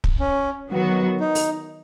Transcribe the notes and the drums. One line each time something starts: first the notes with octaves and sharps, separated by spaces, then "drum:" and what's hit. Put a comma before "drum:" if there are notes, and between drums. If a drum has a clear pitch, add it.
drum: kick
C#4
D#3 F#3 B3 F#4
D#4
drum: open hi-hat